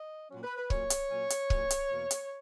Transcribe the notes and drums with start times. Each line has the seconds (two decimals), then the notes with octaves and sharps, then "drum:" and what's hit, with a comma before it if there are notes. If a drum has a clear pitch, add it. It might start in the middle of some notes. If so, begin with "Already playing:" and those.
Already playing: D#5
0.30 A#2 F#3 C#4
0.43 B4
0.57 B4
0.70 A#2 F#3 C#4 C#5, drum: kick C#1
0.90 drum: hi-hat
1.10 A#2 F#3 C#4
1.30 drum: hi-hat
1.50 A#2 F#3 C#4, drum: kick C#1
1.70 drum: hi-hat
1.90 E2 B2 A#3
2.11 drum: hi-hat